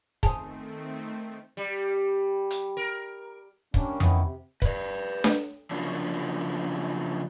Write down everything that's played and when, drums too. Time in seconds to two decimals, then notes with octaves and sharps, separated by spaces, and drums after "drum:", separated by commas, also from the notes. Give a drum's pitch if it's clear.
0.23 D#3 A3 C4 G#4 C5 A5, drum: kick
1.57 G3
2.50 drum: hi-hat
2.77 A#4
3.74 G3 A#3 C#4 D4, drum: kick
4.00 D#3 E3 B3 C#4 D#4 E4, drum: tom F2
4.21 C3
4.62 B4 D5, drum: kick
5.24 drum: snare D4
5.71 C#3 F3 F#3 A#3 D4